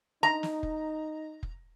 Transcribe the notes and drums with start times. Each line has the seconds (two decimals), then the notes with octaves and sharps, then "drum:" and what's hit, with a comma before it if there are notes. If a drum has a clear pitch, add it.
0.23 D#4 A#5
0.43 drum: snare
0.63 drum: kick F1
1.43 drum: kick F1